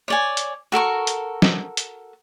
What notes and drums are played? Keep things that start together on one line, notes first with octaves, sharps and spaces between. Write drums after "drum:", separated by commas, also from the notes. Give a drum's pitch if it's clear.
C#5 D5 G#5
drum: hi-hat
F#4 A4 A#4 C#6
drum: hi-hat
drum: snare
drum: hi-hat